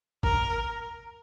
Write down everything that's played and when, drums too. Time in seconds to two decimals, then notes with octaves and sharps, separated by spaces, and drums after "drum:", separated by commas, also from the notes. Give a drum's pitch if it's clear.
0.23 A#4, drum: kick